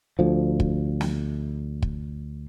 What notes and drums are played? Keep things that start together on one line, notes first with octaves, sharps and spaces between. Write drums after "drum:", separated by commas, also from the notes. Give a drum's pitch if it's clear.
D2 F3
drum: kick
drum: snare
drum: kick